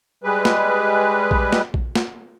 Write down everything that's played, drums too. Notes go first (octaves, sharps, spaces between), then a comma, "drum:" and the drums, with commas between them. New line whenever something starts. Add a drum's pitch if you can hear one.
G3 G#3 B4
drum: snare
drum: kick A#1
drum: snare
drum: kick A#1
drum: snare